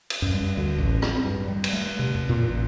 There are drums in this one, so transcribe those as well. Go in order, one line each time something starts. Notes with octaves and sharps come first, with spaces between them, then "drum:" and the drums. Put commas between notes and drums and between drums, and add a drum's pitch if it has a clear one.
drum: cymbal
F#2
G3
D2
A1
C4, drum: rim click
G2
G3
drum: cymbal
A3
C3
F2
A#2
A1